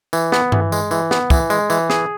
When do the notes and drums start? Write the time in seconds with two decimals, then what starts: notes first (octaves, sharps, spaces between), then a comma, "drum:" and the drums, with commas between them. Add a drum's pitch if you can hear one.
0.13 E3, drum: tambourine
0.32 B3, drum: snare
0.52 E3, drum: tom G2
0.72 G#3, drum: tambourine
0.91 E3, drum: tambourine
1.11 B3, drum: snare
1.30 E3, drum: kick, tambourine
1.50 G#3, drum: tambourine
1.70 E3, drum: tambourine
1.90 G#4, drum: snare